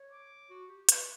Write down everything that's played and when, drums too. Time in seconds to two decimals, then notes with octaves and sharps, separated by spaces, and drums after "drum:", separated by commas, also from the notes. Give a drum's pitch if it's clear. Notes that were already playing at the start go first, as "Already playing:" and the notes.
Already playing: C#5
0.12 D6
0.50 F#4
0.69 G4
0.89 B4, drum: hi-hat